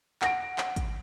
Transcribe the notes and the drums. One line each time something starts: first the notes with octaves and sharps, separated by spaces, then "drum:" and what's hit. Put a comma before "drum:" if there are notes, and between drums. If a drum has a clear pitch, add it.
F#5 A#6 D7, drum: clap
drum: clap
drum: kick, hi-hat